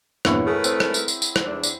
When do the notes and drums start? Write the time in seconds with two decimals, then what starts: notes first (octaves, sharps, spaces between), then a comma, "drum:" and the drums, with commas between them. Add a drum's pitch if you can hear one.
0.25 E2 G2 A#2 E4 C#5 F#5, drum: rim click
0.47 A3 G#4 A#4 B4
0.64 C4, drum: tambourine
0.80 drum: rim click
0.94 drum: tambourine
1.08 drum: tambourine
1.22 drum: tambourine
1.36 drum: rim click
1.46 E2 D4
1.63 drum: tambourine